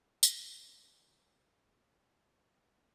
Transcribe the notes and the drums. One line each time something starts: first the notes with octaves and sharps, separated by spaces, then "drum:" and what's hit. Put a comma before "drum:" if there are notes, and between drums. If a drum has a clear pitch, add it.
A#2 C#3 G3 F4 A4, drum: tambourine